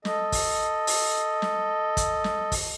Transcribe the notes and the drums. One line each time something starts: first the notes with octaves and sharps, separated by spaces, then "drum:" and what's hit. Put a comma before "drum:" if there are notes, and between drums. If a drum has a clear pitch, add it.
A4 D#5, drum: snare
drum: kick, open hi-hat
drum: open hi-hat
drum: snare
drum: kick, hi-hat
drum: snare
drum: kick, open hi-hat